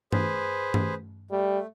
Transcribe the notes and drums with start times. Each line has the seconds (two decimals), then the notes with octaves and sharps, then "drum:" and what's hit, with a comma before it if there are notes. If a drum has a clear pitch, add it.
0.12 G#4 B4 C5, drum: tom G2
0.74 drum: tom G2
1.31 G3 A3